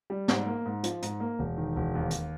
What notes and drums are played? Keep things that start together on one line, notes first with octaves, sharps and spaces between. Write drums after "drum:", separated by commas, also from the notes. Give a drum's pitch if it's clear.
G3
G#2, drum: snare
A#3
G#2
F3, drum: hi-hat
G#2, drum: hi-hat
A#3
E1
D#3
E1
D#2
drum: hi-hat